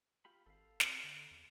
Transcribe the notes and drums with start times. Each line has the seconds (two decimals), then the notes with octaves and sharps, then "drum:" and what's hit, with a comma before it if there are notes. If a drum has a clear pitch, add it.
0.25 F4 G4 B5
0.46 G#1 A4 F5
0.80 C4, drum: snare
1.04 D3
1.31 E2